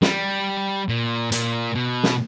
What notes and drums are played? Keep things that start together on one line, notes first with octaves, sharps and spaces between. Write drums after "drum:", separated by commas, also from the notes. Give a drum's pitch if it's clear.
G3, drum: snare
A#2
A#2, drum: hi-hat
B2
drum: snare